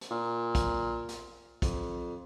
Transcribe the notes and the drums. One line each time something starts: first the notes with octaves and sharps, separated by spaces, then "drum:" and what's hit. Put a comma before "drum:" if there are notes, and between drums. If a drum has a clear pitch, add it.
drum: hi-hat
A#2
drum: kick, hi-hat
drum: hi-hat
F2, drum: kick, hi-hat